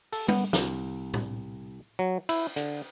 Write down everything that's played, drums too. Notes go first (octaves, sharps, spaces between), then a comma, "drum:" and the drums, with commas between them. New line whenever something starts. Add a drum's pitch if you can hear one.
A4, drum: open hi-hat
B3, drum: tom G3
C2, drum: snare
drum: tom A2
F#3
E4, drum: cymbal
D3, drum: hi-hat